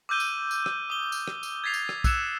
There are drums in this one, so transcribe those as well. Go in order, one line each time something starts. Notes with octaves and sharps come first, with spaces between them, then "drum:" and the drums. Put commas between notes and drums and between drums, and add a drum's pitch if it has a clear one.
D6 E6 F6 G6 D#7 G7
drum: tambourine
drum: tambourine
drum: rim click
D#6 G7
drum: tambourine
drum: rim click
drum: tambourine
G#6 A6 B6 C7 F7
drum: tambourine
drum: rim click
E6 F#6 G#6 C#7 E7, drum: kick, tambourine